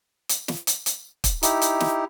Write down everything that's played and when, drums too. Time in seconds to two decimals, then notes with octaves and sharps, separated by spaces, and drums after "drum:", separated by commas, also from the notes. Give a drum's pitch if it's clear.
0.29 drum: hi-hat
0.48 drum: snare
0.67 drum: hi-hat
0.86 drum: hi-hat
1.24 drum: kick, hi-hat
1.43 D#4 E4 G4, drum: hi-hat
1.62 drum: hi-hat
1.80 drum: snare